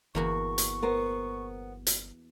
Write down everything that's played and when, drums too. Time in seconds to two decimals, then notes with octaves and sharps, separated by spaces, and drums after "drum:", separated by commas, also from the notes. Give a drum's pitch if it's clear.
0.15 G1 E2 A#3 F#4 C#6
0.58 drum: hi-hat
0.82 B3 A#4 C5
1.87 drum: hi-hat